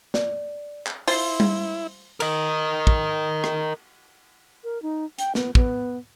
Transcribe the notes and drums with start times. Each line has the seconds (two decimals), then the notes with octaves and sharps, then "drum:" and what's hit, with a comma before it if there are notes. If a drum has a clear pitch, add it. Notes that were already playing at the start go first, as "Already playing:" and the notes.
0.14 D5, drum: snare
0.87 drum: clap
1.08 E4 F4 C5, drum: open hi-hat
1.40 drum: tom G3
2.20 A#4 D#5, drum: cymbal
2.87 drum: kick
3.44 drum: rim click
4.64 A#4
4.82 D#4
5.19 G5, drum: hi-hat
5.35 B3, drum: snare
5.55 B3, drum: kick